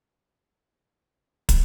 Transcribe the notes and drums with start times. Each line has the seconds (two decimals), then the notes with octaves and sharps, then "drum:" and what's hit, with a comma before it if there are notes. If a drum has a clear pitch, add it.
0.18 D3
0.25 G#2 E3
0.42 E4
0.58 G#3
0.74 D3 F3 B3
0.90 G#2
1.07 E4
1.23 E2
1.49 drum: kick, hi-hat